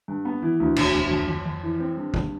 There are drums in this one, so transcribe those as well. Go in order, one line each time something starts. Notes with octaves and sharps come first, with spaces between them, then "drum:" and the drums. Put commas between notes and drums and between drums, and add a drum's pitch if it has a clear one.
G2
B3
E3
D2
E1, drum: cymbal
D2
F2
F2
F2
E3
C4
G2
G2, drum: kick